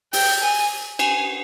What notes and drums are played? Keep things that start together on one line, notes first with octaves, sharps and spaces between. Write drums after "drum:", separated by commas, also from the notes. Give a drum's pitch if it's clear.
G5, drum: open hi-hat
G#5
G#5, drum: cymbal